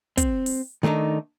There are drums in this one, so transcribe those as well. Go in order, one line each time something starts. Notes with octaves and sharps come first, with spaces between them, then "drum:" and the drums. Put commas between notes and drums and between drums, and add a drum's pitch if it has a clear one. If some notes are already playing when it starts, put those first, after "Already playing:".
C4, drum: kick, hi-hat
drum: open hi-hat
D#3 A3 C4 D4 D#4